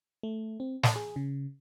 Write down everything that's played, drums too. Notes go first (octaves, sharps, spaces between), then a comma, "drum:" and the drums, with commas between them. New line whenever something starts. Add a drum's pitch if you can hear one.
A3
C4
A5, drum: snare
G#4
C#3